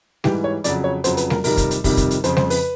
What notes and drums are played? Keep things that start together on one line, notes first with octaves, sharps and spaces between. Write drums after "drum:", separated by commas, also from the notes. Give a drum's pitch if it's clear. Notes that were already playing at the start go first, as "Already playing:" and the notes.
G#2 E3 G3 G4, drum: snare
C#5
F2 C#3 F#3 D5, drum: hi-hat
C#5
F2 C#3 F#3 C5, drum: hi-hat
B4, drum: hi-hat
A#4, drum: snare
F2 C3 D#3 G3 A#4, drum: open hi-hat
drum: kick, hi-hat
drum: hi-hat
F2 C3 D#3 G3, drum: kick, open hi-hat
drum: kick, hi-hat
drum: hi-hat
F2 C#3 F3 C5, drum: hi-hat
C5, drum: snare
B4, drum: open hi-hat